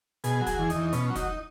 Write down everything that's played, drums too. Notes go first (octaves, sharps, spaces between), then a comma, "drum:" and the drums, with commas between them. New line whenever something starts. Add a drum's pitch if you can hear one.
B2 G#4, drum: hi-hat
F#3
G#4, drum: kick, hi-hat
E2
D#4, drum: hi-hat
E2
B2 C#4, drum: hi-hat
F#3
D#4, drum: kick, hi-hat